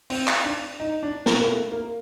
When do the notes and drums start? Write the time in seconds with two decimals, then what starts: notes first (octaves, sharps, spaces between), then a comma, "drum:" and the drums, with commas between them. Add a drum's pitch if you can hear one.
0.10 C4, drum: open hi-hat
0.28 drum: clap
0.45 D4
0.80 D#4
1.03 D4
1.26 A#3, drum: snare
1.33 B3
1.40 A#3
1.49 A3
1.72 A#3